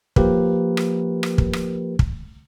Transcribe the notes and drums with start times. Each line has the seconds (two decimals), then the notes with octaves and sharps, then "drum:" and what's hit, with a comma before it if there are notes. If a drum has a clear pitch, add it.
0.16 F3 A#3 G4 A#4 B4, drum: kick
0.77 drum: rim click
1.23 drum: rim click
1.38 drum: kick
1.53 drum: rim click
1.99 drum: kick